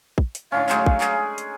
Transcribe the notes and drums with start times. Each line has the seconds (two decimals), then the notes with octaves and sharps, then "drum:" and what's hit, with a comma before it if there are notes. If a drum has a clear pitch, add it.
0.18 drum: kick
0.35 drum: hi-hat
0.52 A2 D3 C#4 F5
0.69 F#3 G#3 D#4, drum: clap
0.86 drum: kick
1.01 G#4, drum: clap
1.38 drum: hi-hat